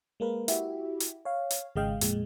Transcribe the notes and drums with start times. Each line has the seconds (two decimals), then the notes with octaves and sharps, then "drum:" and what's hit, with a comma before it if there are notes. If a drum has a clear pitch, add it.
0.20 G#3 A#3 A#4 B4
0.48 E4 F#4 G4 E5, drum: hi-hat
1.00 drum: hi-hat
1.25 C#5 F5
1.51 drum: hi-hat
1.76 G#1 C#3 G#3 D#5 F5 G5
2.01 F2 A#2 G#3, drum: hi-hat